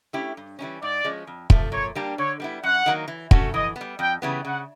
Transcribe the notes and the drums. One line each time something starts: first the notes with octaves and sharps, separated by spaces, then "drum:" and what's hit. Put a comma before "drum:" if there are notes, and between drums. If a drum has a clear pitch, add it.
A3 C#4 E4 G4
G2
E3 G3 A#3 C#4
G#2 D5
F3 G#3 C#4
F2
C3 F3 A3, drum: kick
A#2 C#5
G3 A#3 D4 G4
D3 C#5
G3 B3 E4
F#2 F#5
D#3 F#3 A#3
E3
A3 C#4 F#4 A4, drum: kick
E3 D#5
B3
G3
F2 G5
C#3 E3 G3 B3
C#3 F#5